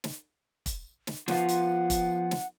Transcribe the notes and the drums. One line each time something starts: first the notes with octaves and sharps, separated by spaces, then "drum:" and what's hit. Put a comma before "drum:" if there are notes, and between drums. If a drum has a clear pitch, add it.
drum: snare
drum: kick, hi-hat
drum: snare
F3 B3 F4 F#5, drum: snare
drum: hi-hat
drum: kick, hi-hat
drum: snare